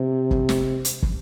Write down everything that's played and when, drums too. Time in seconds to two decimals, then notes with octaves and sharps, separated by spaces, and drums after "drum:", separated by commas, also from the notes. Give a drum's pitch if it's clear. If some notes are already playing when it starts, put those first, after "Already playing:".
Already playing: C3
0.31 drum: kick
0.49 drum: snare
0.85 drum: hi-hat
1.03 drum: kick